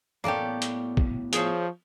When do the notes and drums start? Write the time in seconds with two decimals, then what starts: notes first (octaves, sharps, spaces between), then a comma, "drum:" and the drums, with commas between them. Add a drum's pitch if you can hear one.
0.24 A2 F#3 A#3 B3 C#4 G4 A4 D5
0.62 drum: hi-hat
0.97 drum: kick
1.33 F3 G#4 C5 C#5, drum: hi-hat